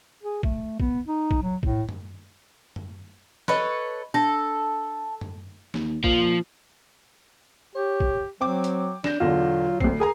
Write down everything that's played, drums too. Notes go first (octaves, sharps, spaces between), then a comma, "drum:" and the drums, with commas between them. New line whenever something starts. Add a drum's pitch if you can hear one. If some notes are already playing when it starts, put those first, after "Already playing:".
G#4
A3, drum: kick
B3, drum: kick
D#4
drum: kick
F#3
A2, drum: kick
drum: tom F#2
drum: tom F#2
A4 B4 C#5 D#5 B5 F#6, drum: snare
D4 A4 A#6
drum: tom F#2
D#2, drum: snare
A#2 F3, drum: kick
G4 C#5
drum: kick
F#3 C4 G5 D6
drum: hi-hat
D4 G6 A#6 E7, drum: snare
E2 B2 D3 F#3 F4
D2 C4 C7, drum: kick
G#4 A#4 G#5 A#5